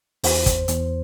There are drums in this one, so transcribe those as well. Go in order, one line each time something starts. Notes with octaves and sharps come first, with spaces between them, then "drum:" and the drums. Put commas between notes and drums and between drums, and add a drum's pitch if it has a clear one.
E2 C5, drum: open hi-hat
drum: kick, hi-hat
E2, drum: hi-hat